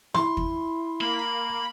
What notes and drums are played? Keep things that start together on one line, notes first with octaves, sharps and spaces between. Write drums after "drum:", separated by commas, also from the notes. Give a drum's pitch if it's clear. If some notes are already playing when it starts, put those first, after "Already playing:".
E4 C6, drum: snare
drum: kick
A#3 B5